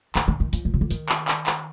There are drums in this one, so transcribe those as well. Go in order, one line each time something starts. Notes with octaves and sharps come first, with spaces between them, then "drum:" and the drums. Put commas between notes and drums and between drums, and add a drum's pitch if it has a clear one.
D3, drum: clap
D3
D#3
F3, drum: hi-hat
A#2
C3
D3
D#3, drum: hi-hat
drum: clap
drum: clap
drum: clap